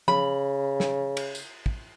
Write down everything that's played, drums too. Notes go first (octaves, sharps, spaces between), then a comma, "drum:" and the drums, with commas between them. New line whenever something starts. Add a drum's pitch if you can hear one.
C#3 B5, drum: tom F3
drum: snare
drum: cymbal
drum: tambourine
drum: kick